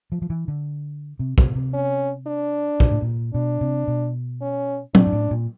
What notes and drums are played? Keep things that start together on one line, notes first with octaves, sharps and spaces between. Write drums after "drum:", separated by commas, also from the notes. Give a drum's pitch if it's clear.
F3
F3
E3
D3
C3
B2, drum: kick
C3
C#4
D4
A#2, drum: kick
A2
A#2
B2 D4
C3
B2
C#4
A#2 D4, drum: tom
G#2
A2
A#2